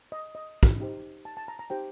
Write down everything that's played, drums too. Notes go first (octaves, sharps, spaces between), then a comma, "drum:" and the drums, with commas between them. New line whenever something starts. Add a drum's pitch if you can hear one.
D#5
D#5
drum: kick
D#4 G4 C5
A5
A5
A#5
A#5
D#4 G4 C5 G5